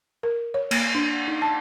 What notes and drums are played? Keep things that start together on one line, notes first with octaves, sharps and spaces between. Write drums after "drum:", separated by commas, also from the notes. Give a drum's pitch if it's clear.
A#4
C#5
A#3, drum: cymbal
D4
D#4
A5